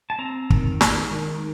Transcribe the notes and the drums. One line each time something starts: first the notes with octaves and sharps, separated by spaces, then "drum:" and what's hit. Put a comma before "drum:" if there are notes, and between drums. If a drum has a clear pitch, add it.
A5
C4 A#5
D#3, drum: kick
G#3, drum: snare
D#3